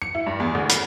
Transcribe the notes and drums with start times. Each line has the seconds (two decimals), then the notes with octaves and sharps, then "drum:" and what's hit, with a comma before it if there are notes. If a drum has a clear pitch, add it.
0.02 C#7
0.15 E4
0.26 G2
0.40 E2
0.55 D2
0.69 B5, drum: hi-hat